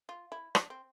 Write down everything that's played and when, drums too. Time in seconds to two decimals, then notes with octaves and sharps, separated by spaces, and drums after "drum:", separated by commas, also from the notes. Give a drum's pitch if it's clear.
0.09 F4
0.32 E4
0.55 D4, drum: rim click
0.70 C4